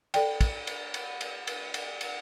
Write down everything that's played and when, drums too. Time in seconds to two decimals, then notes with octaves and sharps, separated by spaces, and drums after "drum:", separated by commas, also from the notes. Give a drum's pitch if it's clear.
0.14 A4 D5 G5, drum: cymbal
0.41 drum: kick, cymbal
0.67 drum: cymbal
0.94 drum: cymbal
1.21 drum: cymbal
1.47 drum: cymbal
1.74 drum: cymbal
2.01 drum: cymbal